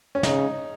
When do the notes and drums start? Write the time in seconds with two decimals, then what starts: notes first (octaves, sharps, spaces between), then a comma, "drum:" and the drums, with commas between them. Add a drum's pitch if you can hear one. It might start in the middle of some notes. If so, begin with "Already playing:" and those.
0.15 C#4
0.23 C#3 D#4, drum: snare